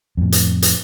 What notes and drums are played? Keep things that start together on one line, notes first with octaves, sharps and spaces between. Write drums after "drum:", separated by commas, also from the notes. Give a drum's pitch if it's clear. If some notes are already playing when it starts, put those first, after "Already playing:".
F2 A2
drum: hi-hat
drum: hi-hat